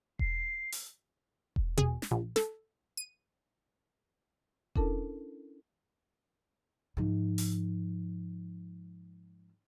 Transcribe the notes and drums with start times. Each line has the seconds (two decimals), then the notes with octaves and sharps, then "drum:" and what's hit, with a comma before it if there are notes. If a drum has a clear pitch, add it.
0.19 C7, drum: kick E1
0.72 drum: open hi-hat
1.56 drum: kick E1
1.78 G#4, drum: tom B2
2.02 drum: snare
2.11 A#1
2.36 A4, drum: snare
2.97 D#7
4.75 C#4 D4 E4 A4 A#4 A5, drum: kick E1
6.97 G#2 F3
7.38 drum: open hi-hat